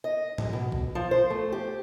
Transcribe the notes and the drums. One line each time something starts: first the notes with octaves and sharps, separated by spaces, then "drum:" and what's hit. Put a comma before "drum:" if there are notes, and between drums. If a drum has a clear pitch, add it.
D#5
D2, drum: tom
B2
drum: kick
F3
C5
A3
G4